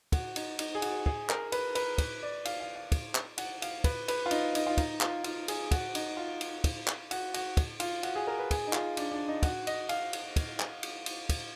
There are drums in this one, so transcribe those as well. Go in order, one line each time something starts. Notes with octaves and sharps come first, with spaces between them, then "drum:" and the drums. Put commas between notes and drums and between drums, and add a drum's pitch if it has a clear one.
F#4, drum: kick, cymbal
D#4, drum: cymbal
D#4, drum: cymbal
G#4
F#4, drum: cymbal
G#4, drum: kick
A#4, drum: clap
B4, drum: cymbal
B4, drum: cymbal
B4, drum: kick, cymbal
D5
F5, drum: cymbal
F5
F5
drum: kick, cymbal
drum: clap
F#5, drum: cymbal
F5, drum: cymbal
B4, drum: kick, cymbal
B4, drum: cymbal
F4
D#4, drum: cymbal
D#4, drum: cymbal
F4
D#4, drum: kick, cymbal
F4, drum: clap
F4, drum: cymbal
G#4, drum: cymbal
F#4, drum: kick, cymbal
D#4, drum: cymbal
F4
drum: cymbal
drum: kick, cymbal
drum: clap
F#4, drum: cymbal
F#4, drum: cymbal
drum: kick, cymbal
F4, drum: cymbal
F#4, drum: cymbal
G#4
A#4
B4
G#4, drum: kick, cymbal
D#4
F4, drum: clap
D4, drum: cymbal
D4
D#4
F#4, drum: kick, cymbal
D#5, drum: cymbal
F5, drum: cymbal
drum: cymbal
drum: kick, cymbal
drum: clap
drum: cymbal
drum: cymbal
drum: kick, cymbal